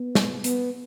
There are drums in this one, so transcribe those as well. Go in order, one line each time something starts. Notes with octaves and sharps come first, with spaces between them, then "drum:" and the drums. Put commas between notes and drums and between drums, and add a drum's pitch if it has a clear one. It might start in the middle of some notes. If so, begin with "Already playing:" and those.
Already playing: B3
drum: snare
B3, drum: hi-hat